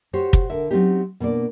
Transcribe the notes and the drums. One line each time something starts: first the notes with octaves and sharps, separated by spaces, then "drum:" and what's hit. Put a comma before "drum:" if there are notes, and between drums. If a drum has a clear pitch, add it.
F#4 G4 C5 C#5
drum: kick
D3 A#4 E5
F#3 C4 C#4 D#4 G4
B2 A#3 D4 D5